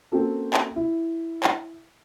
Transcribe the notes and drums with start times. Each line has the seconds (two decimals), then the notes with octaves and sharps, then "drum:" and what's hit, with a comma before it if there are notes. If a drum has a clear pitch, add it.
0.12 A#3 C4 C#4 F#4 A4
0.54 drum: clap
0.76 E4
1.44 drum: clap